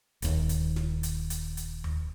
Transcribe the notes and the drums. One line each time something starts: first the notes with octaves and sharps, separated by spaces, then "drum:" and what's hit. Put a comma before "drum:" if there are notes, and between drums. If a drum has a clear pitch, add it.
D#1 D#2, drum: hi-hat
drum: hi-hat
drum: snare
drum: hi-hat
drum: hi-hat
drum: hi-hat
drum: tom D#2